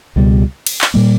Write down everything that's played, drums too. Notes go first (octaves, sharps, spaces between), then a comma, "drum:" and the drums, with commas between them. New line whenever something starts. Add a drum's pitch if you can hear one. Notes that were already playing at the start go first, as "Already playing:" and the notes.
C#2 B2 G3
drum: cymbal
drum: clap
A#2 G3 A#3